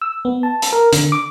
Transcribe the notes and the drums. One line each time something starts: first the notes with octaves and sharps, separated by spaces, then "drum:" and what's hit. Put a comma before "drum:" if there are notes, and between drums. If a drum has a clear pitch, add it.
E6
B3
A5
drum: hi-hat
A#4
D3, drum: hi-hat
D6